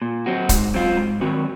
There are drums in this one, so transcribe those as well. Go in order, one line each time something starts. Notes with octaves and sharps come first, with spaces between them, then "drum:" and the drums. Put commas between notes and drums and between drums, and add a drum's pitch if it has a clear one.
A#2
F#3 C4 F#4
G#2, drum: kick, hi-hat
F#3 C4 F4
G#2
D#3 F#3 C4 F#4